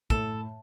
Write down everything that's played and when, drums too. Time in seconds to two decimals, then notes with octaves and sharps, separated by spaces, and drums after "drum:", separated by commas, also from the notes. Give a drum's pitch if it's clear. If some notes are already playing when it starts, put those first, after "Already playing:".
0.10 A2 A4, drum: kick